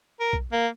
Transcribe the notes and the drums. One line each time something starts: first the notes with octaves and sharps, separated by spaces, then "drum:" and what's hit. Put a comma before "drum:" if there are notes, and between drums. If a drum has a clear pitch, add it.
A#4
drum: kick
A#3